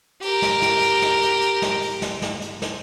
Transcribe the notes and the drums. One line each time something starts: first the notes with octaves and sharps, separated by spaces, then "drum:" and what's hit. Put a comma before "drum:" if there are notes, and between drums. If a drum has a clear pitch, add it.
G4 A#4, drum: open hi-hat
drum: snare
drum: snare
drum: hi-hat
drum: snare
drum: hi-hat
drum: hi-hat
drum: snare
drum: open hi-hat
drum: snare
drum: snare
drum: hi-hat
drum: snare